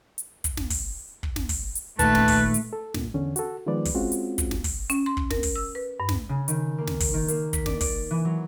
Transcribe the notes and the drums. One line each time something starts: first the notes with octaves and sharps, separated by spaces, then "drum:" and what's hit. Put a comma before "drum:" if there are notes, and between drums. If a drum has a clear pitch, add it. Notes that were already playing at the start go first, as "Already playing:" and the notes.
drum: hi-hat
drum: kick, hi-hat
drum: snare
drum: kick, open hi-hat
drum: kick
drum: snare
drum: kick, open hi-hat
drum: hi-hat
A#2 D#3 A3 B4 A5, drum: kick, hi-hat
drum: snare
drum: kick, open hi-hat
drum: hi-hat
A4
G2 A#2, drum: snare
E2 D3 C#4
F#4 A4, drum: hi-hat
D#3 F3 G#3 B3 B4 D5
drum: kick, open hi-hat
G#3 C4 C#4 F4 F#4
drum: hi-hat
drum: kick, hi-hat
drum: snare
drum: kick, open hi-hat
C#4, drum: hi-hat
C6
drum: kick
A#4, drum: snare
drum: kick, open hi-hat
E6
B4
G2
drum: snare
C#3
D#3, drum: hi-hat
A#3
drum: snare
drum: kick, open hi-hat
D#3
A#3, drum: hi-hat
B6, drum: kick, hi-hat
D5, drum: snare
D5, drum: kick, open hi-hat
E3
F#3